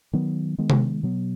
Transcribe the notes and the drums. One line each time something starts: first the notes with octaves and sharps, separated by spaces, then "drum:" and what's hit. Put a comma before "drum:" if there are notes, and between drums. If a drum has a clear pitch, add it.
D#3 F#3 B3
D#3 G#3 B3
drum: tom C3
B2 F#3 B3